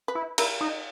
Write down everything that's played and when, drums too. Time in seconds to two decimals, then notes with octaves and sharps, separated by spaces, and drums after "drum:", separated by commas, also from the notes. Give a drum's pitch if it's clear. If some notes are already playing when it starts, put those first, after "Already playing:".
0.08 B4
0.15 E4
0.38 E4 A#4, drum: cymbal
0.61 D#4